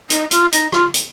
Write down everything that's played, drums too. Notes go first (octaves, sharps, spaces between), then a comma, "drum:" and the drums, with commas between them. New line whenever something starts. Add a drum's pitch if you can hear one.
D#4, drum: hi-hat
F4, drum: hi-hat
D#4, drum: hi-hat
F4, drum: rim click
drum: hi-hat